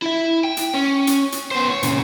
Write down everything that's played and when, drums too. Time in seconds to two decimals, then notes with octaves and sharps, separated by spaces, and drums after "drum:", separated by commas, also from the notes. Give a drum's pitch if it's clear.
0.02 E4 E5
0.44 G5
0.57 drum: hi-hat
0.74 C#4
1.07 drum: hi-hat
1.32 drum: hi-hat
1.51 B3 C5
1.70 C#5
1.83 A#2 C#3, drum: hi-hat